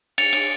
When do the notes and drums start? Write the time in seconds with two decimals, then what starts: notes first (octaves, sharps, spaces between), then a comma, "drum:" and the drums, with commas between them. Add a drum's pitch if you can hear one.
0.18 A6 C#7 F7, drum: cymbal
0.33 drum: cymbal